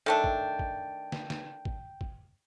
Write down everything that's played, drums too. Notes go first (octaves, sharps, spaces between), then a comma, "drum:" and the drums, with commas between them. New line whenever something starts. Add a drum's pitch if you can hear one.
D#3 A3 D4 A4 G5 A5 G6
drum: kick
drum: kick
drum: snare
drum: snare
drum: kick
drum: kick